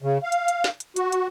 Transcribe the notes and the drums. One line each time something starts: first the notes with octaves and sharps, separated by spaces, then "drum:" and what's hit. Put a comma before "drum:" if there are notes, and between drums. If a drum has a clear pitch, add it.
C#3
F5
drum: hi-hat
drum: hi-hat
drum: snare
drum: hi-hat
F#4, drum: hi-hat
drum: hi-hat